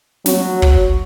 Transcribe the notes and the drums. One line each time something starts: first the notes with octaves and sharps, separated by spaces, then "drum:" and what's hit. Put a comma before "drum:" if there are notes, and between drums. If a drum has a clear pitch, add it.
F#3, drum: snare
drum: kick